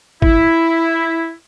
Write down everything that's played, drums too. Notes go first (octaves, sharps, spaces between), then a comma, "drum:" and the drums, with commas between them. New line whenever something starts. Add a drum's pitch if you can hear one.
E4, drum: kick G#1